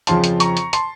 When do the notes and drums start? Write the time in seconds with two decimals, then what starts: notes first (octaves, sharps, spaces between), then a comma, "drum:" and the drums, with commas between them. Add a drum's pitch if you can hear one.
0.07 F2 C#3 F3 C4 F4 A5 C6, drum: hi-hat
0.24 drum: hi-hat
0.40 A#5 C#6, drum: hi-hat
0.57 drum: hi-hat
0.73 A5 C6, drum: hi-hat